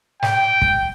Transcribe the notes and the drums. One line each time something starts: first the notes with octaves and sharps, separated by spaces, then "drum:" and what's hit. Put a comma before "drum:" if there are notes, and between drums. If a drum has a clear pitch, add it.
G5, drum: snare
drum: kick